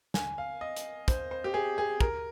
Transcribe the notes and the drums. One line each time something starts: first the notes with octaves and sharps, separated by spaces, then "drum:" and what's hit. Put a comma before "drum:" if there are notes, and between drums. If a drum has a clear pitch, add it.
G#5, drum: snare
F5
D#5
drum: hi-hat
C5, drum: kick, hi-hat
C5
G4
G#4
G#4
A#4, drum: kick